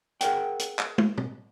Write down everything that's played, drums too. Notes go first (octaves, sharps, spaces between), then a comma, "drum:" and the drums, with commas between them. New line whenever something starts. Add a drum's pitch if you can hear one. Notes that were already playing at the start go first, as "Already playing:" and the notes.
G#4 A#4 D5 F#5 G5, drum: hi-hat
drum: hi-hat
drum: clap
drum: tom
drum: tom